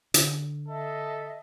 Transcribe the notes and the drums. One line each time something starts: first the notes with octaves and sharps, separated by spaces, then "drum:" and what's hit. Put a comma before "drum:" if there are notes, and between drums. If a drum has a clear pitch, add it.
D3, drum: hi-hat
A4 D#5 E5